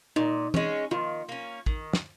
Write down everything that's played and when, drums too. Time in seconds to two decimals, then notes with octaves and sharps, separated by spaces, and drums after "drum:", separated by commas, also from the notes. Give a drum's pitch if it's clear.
0.16 A#2 D#4
0.54 G#3 C#4, drum: tom
0.91 D#3 F4
1.29 A#3 C#4
1.66 D#3, drum: kick
1.93 drum: snare